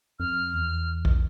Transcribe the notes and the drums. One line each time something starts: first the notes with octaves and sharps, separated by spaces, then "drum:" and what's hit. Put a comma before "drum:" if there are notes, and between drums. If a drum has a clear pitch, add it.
F2 F6
E2
drum: kick A#1